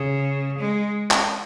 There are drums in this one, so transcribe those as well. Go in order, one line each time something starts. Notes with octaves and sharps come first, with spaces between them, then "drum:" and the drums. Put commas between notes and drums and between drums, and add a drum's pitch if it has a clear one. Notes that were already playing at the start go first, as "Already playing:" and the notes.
Already playing: C#3
G#3
drum: clap